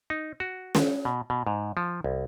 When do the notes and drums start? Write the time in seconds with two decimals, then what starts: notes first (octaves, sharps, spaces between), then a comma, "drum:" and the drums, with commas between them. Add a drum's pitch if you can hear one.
0.10 D#4
0.40 F#4
0.75 drum: snare
1.05 B2
1.30 B2
1.47 G#2
1.77 F3
2.04 C2